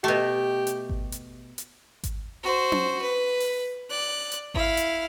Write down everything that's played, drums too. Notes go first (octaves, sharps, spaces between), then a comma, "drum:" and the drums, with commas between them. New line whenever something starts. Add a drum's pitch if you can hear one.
B2 A3 G4
drum: hi-hat
drum: kick G#1
drum: hi-hat
drum: hi-hat
drum: kick G#1, hi-hat
F#4 C5
drum: tom C#4
B4
drum: open hi-hat
D5 F#6
drum: hi-hat
E4 F5, drum: kick G#1
drum: hi-hat